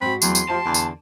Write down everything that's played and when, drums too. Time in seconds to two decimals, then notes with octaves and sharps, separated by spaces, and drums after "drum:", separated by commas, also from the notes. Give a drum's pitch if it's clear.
0.01 G#2 C4 F#4 B5
0.22 E2 F#3 A3 C4 C6, drum: tambourine
0.35 drum: tambourine
0.50 F3 E4 G4 A5
0.65 E2 D3 D5
0.74 drum: tambourine